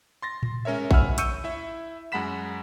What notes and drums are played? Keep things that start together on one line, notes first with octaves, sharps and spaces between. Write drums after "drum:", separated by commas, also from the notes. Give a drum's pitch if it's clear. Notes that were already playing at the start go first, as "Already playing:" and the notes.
C6 A6 A#6
drum: tom A2
G#3 C#4 A#4 C#5 E5
E5 F#5 G#5 B5 E6 F6, drum: kick A#1
C#6 E6 G6 C#7 D#7, drum: hi-hat
E4 E5
F#2 G#3 F#5 B5 B6 E7